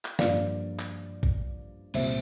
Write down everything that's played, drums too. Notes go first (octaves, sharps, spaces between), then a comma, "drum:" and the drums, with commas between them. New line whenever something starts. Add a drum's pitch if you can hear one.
drum: clap
G2 F3 A#3 D5 F5, drum: snare
drum: clap
drum: kick A#1
C2 A#2 G3 C5 E5, drum: cymbal